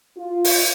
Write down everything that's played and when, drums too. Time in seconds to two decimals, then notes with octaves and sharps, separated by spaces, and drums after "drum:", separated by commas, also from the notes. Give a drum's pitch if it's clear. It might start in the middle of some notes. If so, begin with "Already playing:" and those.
0.18 F4
0.45 drum: open hi-hat